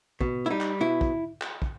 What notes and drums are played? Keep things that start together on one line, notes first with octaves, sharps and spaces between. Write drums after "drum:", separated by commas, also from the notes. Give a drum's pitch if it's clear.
B2, drum: kick
E4
G3 D#4
drum: clap
B2 E4
drum: kick
drum: clap
drum: kick